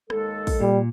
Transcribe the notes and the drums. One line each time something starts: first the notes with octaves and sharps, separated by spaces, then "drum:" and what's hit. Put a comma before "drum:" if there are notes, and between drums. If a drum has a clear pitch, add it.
D#2 G#3 A4, drum: rim click
drum: kick, open hi-hat
A#2 G3